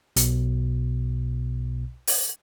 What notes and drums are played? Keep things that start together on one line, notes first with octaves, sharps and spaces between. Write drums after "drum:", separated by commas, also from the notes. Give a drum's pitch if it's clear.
B1 B2, drum: hi-hat
drum: open hi-hat